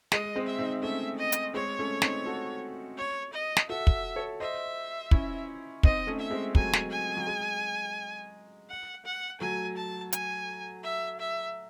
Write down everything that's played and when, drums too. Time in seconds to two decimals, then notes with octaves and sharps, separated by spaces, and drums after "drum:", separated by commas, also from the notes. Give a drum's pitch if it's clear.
0.12 G#3 D#5, drum: snare
0.36 G#3 C4
0.47 E5
0.59 C4 D#4
0.82 A3 C#4 E5
1.18 D#5
1.32 drum: hi-hat
1.54 G#3 C4 C#5
1.79 A3 C#4
2.02 C4 D#4, drum: snare
2.26 F#4 A4
2.97 C#5
3.33 D#5
3.57 drum: snare
3.69 F#4 A4 E5
3.87 drum: kick
4.16 A4 C#5
4.40 C5 D#5 E5
5.11 C#4 E4, drum: kick
5.83 C4 D#4 D#5, drum: kick
6.07 A3 C#4
6.19 E5
6.31 G#3 C4
6.55 F#3 A3 G#5, drum: kick
6.73 drum: snare
6.90 G#5
7.17 F#3
7.27 G#3
8.70 F#5
9.05 F#5
9.40 F#3 A3 G#5
9.76 A5
10.12 G#5, drum: hi-hat
10.83 E5
11.20 E5